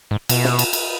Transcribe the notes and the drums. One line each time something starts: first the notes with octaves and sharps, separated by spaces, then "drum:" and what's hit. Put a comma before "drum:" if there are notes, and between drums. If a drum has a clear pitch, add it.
G#2
B2, drum: cymbal
drum: snare
drum: cymbal
drum: cymbal